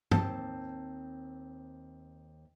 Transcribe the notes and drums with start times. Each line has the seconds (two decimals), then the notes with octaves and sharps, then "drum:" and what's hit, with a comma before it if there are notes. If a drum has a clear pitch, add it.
0.11 D#2 C4 A5, drum: tom G2